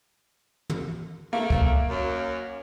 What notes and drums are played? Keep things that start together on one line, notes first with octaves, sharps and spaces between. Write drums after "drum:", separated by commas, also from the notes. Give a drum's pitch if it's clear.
drum: tom
A3 A#3
drum: kick
F#2